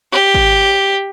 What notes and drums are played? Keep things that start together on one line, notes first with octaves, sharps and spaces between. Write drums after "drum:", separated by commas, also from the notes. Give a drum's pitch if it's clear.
G4
drum: kick G#1